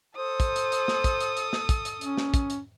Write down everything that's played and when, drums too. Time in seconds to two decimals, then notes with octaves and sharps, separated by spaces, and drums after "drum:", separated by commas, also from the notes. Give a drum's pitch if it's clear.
0.16 A4 C5 D#6
0.40 drum: kick, hi-hat
0.56 drum: hi-hat
0.72 drum: hi-hat
0.88 drum: snare
1.04 drum: kick, hi-hat
1.20 drum: hi-hat
1.37 drum: hi-hat
1.53 drum: snare
1.69 drum: kick, hi-hat
1.85 drum: hi-hat
2.01 C#4, drum: hi-hat
2.17 drum: snare
2.34 drum: kick, hi-hat
2.50 drum: hi-hat